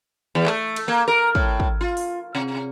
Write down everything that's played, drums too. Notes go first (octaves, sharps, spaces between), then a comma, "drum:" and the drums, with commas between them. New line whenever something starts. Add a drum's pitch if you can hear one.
E2
A3, drum: clap
drum: cymbal
A#3
A#4
A2, drum: kick
drum: kick
F4
drum: open hi-hat
C3